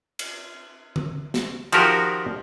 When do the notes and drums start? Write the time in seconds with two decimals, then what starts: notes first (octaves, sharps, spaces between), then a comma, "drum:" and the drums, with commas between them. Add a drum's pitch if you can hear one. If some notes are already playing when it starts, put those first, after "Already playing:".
0.19 drum: cymbal
0.96 drum: tom D3
1.34 drum: snare
1.72 D#3 F3 F#4 G4 A#4, drum: cymbal